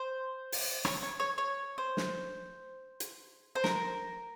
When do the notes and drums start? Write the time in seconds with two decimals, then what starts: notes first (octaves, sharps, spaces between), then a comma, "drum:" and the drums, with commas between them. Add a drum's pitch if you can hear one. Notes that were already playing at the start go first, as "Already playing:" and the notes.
Already playing: C5
0.52 drum: open hi-hat
0.85 C#5, drum: rim click
1.03 C#5
1.20 C#5
1.38 C#5
1.78 C5
1.97 drum: snare
3.00 drum: hi-hat
3.55 C5
3.64 A#4, drum: snare